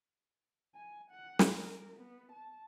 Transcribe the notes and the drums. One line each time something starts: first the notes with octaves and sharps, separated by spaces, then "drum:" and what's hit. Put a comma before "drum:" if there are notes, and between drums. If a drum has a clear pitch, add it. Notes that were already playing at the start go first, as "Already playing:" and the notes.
G#5
F#5
drum: snare
A#4
B3
A5